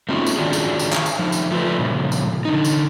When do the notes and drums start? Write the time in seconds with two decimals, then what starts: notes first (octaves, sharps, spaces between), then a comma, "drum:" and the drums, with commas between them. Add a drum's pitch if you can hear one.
0.09 A3 C4 C#4 D#4 F4 F#4
0.27 drum: tambourine
0.36 D#3 D4 F4 F#4 G#4
0.53 drum: tambourine
0.79 drum: tambourine
0.93 drum: clap
1.06 drum: tambourine
1.19 F3 D#4
1.32 drum: tambourine
1.51 A3 F4 A4 B4
1.79 A#2 C#3 F3
2.12 drum: tambourine
2.45 D3 D#4
2.65 drum: tambourine